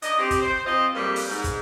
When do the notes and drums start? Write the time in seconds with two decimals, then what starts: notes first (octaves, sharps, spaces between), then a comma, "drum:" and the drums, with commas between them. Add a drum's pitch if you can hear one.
0.02 E3 D4 D#5, drum: hi-hat
0.18 C4 G4
0.31 drum: kick, hi-hat
0.40 C5
0.66 F3 C4 F4 D#5
0.94 F2 G3 G#3 A#3 B4
1.16 drum: open hi-hat
1.29 G#2
1.44 drum: kick, hi-hat